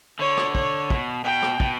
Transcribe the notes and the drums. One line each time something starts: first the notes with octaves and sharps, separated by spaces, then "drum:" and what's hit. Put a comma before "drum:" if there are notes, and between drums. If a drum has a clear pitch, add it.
D3 C#5
drum: rim click
C#5, drum: kick
B2, drum: kick
B2 G5
drum: rim click
B2, drum: kick